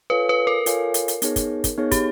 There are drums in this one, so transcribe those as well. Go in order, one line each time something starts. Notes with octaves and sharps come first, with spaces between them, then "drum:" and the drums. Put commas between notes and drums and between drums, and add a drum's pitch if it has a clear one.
F4 A4 B4 C#5 F5 G#5
B4
A#4
F4 A4 C#5 F5 G#5, drum: hi-hat
drum: hi-hat
drum: hi-hat
B3 D#4 G#4 C#5, drum: hi-hat
drum: kick, hi-hat
drum: kick, hi-hat
B3 D#4 G#4 C#5
G4, drum: kick, hi-hat